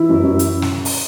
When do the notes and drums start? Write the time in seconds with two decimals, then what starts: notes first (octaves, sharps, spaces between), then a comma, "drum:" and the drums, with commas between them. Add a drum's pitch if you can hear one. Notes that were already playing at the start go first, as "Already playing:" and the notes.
Already playing: E3 E4
0.09 F#2
0.24 F#2
0.39 drum: hi-hat
0.62 drum: snare
0.85 drum: open hi-hat